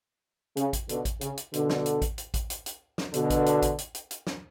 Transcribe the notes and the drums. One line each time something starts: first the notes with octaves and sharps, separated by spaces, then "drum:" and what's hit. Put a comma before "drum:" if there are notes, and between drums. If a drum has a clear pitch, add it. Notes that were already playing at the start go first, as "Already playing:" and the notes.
C#3, drum: hi-hat
drum: kick A1, hi-hat
B2 D3, drum: hi-hat
drum: kick A1, hi-hat
C#3, drum: hi-hat
drum: hi-hat
B2 D3, drum: hi-hat
drum: snare
drum: hi-hat
drum: kick A1, hi-hat
drum: hi-hat
drum: kick A1, hi-hat
drum: hi-hat
drum: hi-hat
drum: snare
B2 D3, drum: hi-hat
drum: kick A1, hi-hat
drum: hi-hat
drum: kick A1, hi-hat
drum: hi-hat
drum: hi-hat
drum: hi-hat
drum: snare